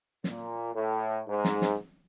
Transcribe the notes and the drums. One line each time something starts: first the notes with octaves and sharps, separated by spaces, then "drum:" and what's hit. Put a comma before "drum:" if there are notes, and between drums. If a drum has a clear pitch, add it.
A#2, drum: snare
A2
G#2
drum: snare
drum: snare